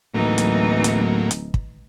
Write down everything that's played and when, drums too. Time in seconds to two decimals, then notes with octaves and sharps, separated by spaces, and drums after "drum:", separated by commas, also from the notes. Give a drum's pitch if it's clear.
0.14 D1 A2 E3 F#3 A#3 D#4
0.38 drum: hi-hat
0.84 drum: hi-hat
1.31 drum: hi-hat
1.54 drum: kick